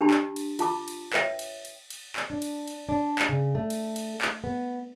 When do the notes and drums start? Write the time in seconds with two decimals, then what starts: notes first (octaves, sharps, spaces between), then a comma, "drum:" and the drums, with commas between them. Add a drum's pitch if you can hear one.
0.01 D4 G4 A5 B5
0.11 drum: clap
0.36 drum: cymbal
0.59 F4 A5 D6, drum: cymbal
0.88 drum: cymbal
1.13 B4 C#5 E5 G5, drum: clap
1.39 drum: cymbal
1.65 drum: cymbal
1.90 drum: cymbal
2.16 drum: clap
2.30 D4
2.42 drum: cymbal
2.67 drum: cymbal
2.89 D4
3.19 drum: clap
3.29 C#3
3.55 A3
3.70 drum: cymbal
3.96 drum: cymbal
4.22 drum: clap
4.44 B3